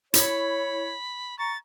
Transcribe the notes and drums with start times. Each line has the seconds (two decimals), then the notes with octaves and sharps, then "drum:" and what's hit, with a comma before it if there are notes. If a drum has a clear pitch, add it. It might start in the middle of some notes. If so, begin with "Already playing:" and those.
0.14 E4 C#5 B5, drum: hi-hat
1.39 A#5 C#6 A6